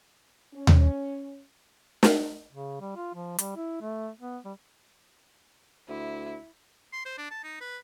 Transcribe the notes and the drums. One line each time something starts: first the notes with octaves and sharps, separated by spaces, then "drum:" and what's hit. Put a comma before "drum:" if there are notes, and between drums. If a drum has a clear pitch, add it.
C#4
drum: tom D#2
drum: snare
C#3
G3
F4
F3
G3, drum: hi-hat
E4
A3
B3
G3
D2 E4
C6
C5
D4
A5
D#4
B4